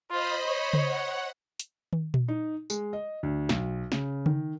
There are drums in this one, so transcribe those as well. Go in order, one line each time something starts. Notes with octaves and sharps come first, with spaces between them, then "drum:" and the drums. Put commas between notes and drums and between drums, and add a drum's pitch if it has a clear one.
F4 C5 D#5 B5
C#5
drum: tom C#3
F#5
drum: hi-hat
drum: tom
drum: tom A#2
D#4
G#3, drum: tambourine
D#5
D2
B1, drum: snare
C#3, drum: snare
D#3, drum: tom C#3